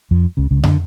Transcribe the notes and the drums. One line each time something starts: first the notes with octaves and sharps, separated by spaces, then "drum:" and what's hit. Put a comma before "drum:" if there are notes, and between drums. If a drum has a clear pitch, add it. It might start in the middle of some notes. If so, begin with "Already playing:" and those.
F2 F3
C#2 C#3
C#2 C#3
D3, drum: tom